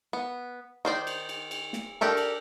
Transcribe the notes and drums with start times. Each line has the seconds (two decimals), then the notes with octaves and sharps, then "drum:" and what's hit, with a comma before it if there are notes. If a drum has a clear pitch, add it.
0.13 B3
0.85 D#3 C5 D5
1.07 drum: cymbal
1.29 drum: cymbal
1.51 drum: cymbal
1.73 drum: snare
2.01 D4 G4 A4 A#4
2.17 drum: cymbal